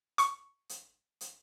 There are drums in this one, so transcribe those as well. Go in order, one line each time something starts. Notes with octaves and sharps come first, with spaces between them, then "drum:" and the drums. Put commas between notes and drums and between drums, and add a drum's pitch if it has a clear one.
C#6, drum: hi-hat
drum: hi-hat
drum: hi-hat